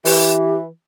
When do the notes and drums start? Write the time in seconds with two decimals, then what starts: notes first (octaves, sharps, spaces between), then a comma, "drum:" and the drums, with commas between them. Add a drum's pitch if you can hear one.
0.05 E3 G4, drum: open hi-hat